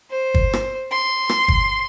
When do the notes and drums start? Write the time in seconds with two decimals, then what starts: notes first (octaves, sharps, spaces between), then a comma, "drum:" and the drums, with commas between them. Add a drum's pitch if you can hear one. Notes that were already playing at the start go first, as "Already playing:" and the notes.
0.10 C5
0.34 drum: kick G1
0.53 drum: rim click
0.91 C6
1.29 drum: rim click
1.48 drum: kick G1